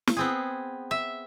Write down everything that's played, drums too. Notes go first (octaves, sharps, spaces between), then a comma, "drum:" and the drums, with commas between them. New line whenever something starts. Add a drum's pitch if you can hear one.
drum: snare
B3 C4 G#4
E5